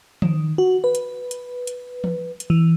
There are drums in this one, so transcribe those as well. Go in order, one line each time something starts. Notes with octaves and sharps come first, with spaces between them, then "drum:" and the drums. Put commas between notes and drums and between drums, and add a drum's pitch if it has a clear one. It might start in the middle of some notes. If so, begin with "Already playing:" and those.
D#3, drum: tom E3
F#4
B4
drum: hi-hat
drum: hi-hat
drum: hi-hat
drum: tom E3
drum: hi-hat
E3